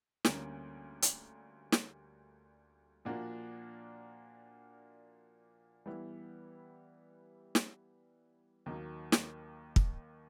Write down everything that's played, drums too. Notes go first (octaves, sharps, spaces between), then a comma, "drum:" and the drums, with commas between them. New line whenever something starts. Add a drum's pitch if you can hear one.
D2 D3 G3 A#3 C#4, drum: snare
drum: hi-hat
drum: snare
A#2 F3 A#3 D4 F#4
E3 G3 B3 E4
drum: snare
D#2 D#3 F#3 A#3 D#4
drum: snare
drum: kick